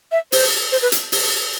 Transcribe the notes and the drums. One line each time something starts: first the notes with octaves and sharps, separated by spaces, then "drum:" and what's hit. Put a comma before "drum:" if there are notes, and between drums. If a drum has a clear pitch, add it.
E5
C5, drum: open hi-hat
C5
B4
drum: hi-hat
drum: open hi-hat